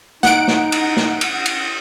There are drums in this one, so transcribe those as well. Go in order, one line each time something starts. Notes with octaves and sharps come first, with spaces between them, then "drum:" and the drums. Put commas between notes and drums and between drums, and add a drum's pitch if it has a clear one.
D#4 F#5 D7, drum: snare
drum: snare
drum: cymbal
drum: snare
drum: cymbal
drum: cymbal